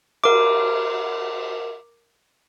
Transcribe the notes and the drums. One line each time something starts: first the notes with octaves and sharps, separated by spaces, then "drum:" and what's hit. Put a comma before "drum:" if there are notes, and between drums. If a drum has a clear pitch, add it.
A#4 D6, drum: cymbal